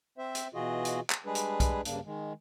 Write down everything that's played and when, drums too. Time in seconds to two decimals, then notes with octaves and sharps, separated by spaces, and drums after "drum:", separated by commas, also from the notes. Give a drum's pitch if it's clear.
0.18 C4 C5 E5
0.35 drum: hi-hat
0.54 B2 E3 F4 F#4 G#4 D#5
0.85 drum: hi-hat
1.10 drum: clap
1.26 G3 G#3 D4 G#4 B4
1.35 drum: hi-hat
1.60 drum: kick B1, hi-hat
1.85 G2 C#3 A#3 D4, drum: hi-hat
2.05 D#3 G#3